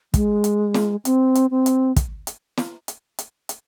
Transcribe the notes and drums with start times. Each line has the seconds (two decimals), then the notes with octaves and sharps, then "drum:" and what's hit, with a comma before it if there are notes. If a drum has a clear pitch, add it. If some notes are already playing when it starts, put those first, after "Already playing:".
0.14 G#3, drum: kick, hi-hat
0.44 drum: hi-hat
0.74 drum: snare
1.05 C4, drum: hi-hat
1.35 drum: hi-hat
1.51 C4
1.66 drum: hi-hat
1.96 drum: kick, hi-hat
2.27 drum: hi-hat
2.57 drum: snare
2.88 drum: hi-hat
3.18 drum: hi-hat
3.49 drum: hi-hat